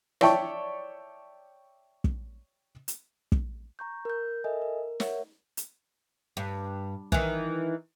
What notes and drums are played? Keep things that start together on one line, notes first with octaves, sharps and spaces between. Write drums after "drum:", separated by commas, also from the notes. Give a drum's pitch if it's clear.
C#5 D5 E5 G5 A5 C#6, drum: rim click
drum: kick
drum: hi-hat
drum: kick
A#5 C#6 G6
A#4 G6
A4 A#4 D#5 E5 G#5
A#4
A#4 C#5 E5 F#5, drum: snare
drum: hi-hat
G2
D#3 E3, drum: kick